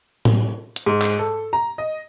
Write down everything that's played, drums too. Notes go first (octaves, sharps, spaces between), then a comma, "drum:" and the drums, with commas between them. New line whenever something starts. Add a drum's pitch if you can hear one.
drum: tom A2
drum: hi-hat
G#2
drum: clap
A4
A#5
D#5